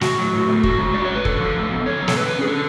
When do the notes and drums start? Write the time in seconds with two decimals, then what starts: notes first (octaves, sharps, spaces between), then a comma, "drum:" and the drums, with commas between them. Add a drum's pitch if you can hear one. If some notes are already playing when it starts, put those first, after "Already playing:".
0.01 A2 F#4, drum: snare
0.18 F#3
0.33 A2
0.48 A3
0.63 D3 F#4, drum: kick
0.78 G#3
0.94 D3 D5
1.05 C#4 C#5
1.15 B4
1.25 D4 A4, drum: kick
1.40 F3
1.56 A2
1.70 B3
1.86 D3 C#5
2.02 F#3
2.08 A4, drum: snare
2.16 D3 B4
2.33 C#4
2.42 G#4
2.48 D4 A4